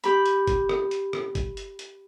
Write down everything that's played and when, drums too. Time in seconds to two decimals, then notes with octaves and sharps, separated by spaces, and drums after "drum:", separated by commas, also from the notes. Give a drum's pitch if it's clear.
0.04 G4 B5, drum: hi-hat
0.26 drum: hi-hat
0.47 drum: kick, hi-hat
0.69 drum: rim click
0.91 drum: hi-hat
1.13 drum: rim click
1.35 drum: kick, hi-hat
1.57 drum: hi-hat
1.79 drum: hi-hat